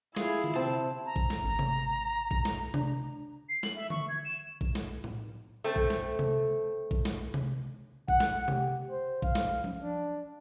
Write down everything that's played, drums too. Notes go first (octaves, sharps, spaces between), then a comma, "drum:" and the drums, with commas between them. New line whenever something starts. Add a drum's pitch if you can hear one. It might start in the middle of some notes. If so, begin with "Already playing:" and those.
E4 F4 G#4, drum: snare
drum: tom D3
C3 C4 A5
A#5
drum: kick
drum: snare
G#1
drum: tom C3
drum: kick
drum: snare
D4, drum: tom C3
C7
F#7, drum: snare
E5
C#6, drum: tom D3
G#6
E7
drum: kick
drum: snare
drum: tom A2
A3 C4
drum: kick
drum: snare
drum: tom C3
drum: kick
drum: snare
drum: tom C3
F#5, drum: kick
drum: snare
G4, drum: tom C3
C5
F5, drum: kick
drum: snare
drum: tom F3
D4